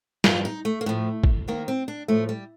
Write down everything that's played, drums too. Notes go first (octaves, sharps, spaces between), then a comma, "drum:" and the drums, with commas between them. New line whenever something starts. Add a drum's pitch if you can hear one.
G2 F3 F4, drum: snare
D#4
A3
A#3
A2 F3 A3
drum: kick
F2 D#3 A#3
C4
D4
A2 F3 A3
G3